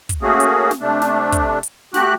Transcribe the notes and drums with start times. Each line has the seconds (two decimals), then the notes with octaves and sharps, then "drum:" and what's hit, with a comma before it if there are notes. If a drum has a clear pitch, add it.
0.09 drum: kick, hi-hat
0.22 A3 A#3 C#4 F#4 G#4
0.40 drum: hi-hat
0.71 drum: snare
0.81 C3 A3 D4
1.02 drum: snare
1.32 drum: kick, hi-hat
1.63 drum: hi-hat
1.94 A3 F#4 G4 F#6, drum: snare